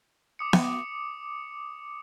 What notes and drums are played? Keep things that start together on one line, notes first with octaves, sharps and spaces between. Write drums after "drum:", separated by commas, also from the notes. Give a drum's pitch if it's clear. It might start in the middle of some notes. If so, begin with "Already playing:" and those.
D6 D#6 C#7
drum: snare B3